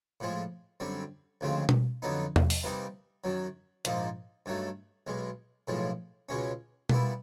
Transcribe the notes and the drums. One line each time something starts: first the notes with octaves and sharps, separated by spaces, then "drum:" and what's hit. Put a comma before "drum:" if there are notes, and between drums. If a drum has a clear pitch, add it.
A2 F3 G#3
F#2 D3 G3 C4
D2 C#3 F3 G#3 C4
drum: tom B2
F2 D3 F#3 B3 D#4
drum: tom E2
drum: open hi-hat
C3 E3 G3 A#3 D#4
F#2 D#3 F#3
A#1 G#2 F3 A#3 D#4, drum: hi-hat
G2 D#3 F#3 A3
B1 B2 G#3
B1 A2 F3 G#3
C#2 B2 G#3 C#4
A#2 G3 B3 E4, drum: tom B2